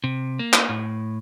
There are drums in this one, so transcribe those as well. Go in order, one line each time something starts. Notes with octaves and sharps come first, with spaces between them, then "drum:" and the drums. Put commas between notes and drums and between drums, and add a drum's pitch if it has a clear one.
C3
A#3
drum: clap
A2